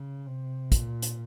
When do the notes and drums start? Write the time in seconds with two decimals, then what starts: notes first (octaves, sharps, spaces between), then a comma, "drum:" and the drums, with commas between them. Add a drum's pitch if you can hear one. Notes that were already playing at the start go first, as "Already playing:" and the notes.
Already playing: C#3
0.26 C3
0.72 A#2, drum: kick, hi-hat
1.02 drum: hi-hat